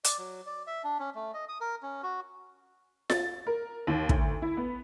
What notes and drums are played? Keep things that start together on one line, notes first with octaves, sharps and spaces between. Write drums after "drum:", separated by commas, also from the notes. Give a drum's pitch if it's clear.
D5, drum: hi-hat
F#3
D5
E5
D4
C#4
A3
D#5
D#6
A#4
C#4
F#4
A6, drum: snare F4
A#4
D#2
D2, drum: kick
E4
B3